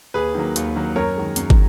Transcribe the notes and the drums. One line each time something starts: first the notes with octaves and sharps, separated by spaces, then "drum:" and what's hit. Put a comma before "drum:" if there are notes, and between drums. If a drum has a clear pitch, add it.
D#2 G#4 B4
D#3 F#3 A#3
D#2, drum: hi-hat
D#3 F#3 A#3
F#2 A#4 C#5
D#3 G#3
F#2, drum: hi-hat
drum: kick